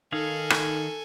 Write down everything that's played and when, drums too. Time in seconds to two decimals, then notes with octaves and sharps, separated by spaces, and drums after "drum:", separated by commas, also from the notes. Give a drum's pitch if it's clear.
0.12 D#3 D#4 G#4 A4 F5 G#5
0.50 drum: rim click